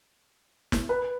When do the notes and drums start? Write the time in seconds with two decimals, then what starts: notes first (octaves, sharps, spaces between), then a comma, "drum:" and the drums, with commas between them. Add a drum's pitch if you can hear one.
0.72 drum: snare
0.89 B4